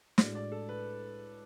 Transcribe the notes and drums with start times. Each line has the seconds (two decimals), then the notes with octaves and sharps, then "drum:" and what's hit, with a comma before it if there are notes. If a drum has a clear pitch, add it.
0.18 A2 G#3 D4 F#4 D5, drum: snare
0.35 D5
0.52 A4
0.69 B4